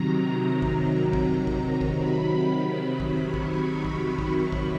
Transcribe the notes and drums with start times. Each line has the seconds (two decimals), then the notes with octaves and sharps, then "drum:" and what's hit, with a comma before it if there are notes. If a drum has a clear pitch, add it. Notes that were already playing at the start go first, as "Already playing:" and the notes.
Already playing: C3 D#3 F#3 A#5
0.62 A#5, drum: kick
1.13 drum: kick
1.47 drum: kick
1.81 drum: kick
1.98 C3 D#3 F#3 B5
3.00 drum: kick
3.34 C#6, drum: kick
3.85 drum: kick
4.19 drum: kick
4.52 drum: kick